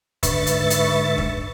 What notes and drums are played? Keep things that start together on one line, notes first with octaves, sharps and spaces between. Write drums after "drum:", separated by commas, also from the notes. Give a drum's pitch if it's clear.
G#2 D3 B4 E5 C#6 A6, drum: kick, hi-hat
drum: hi-hat
drum: hi-hat
drum: kick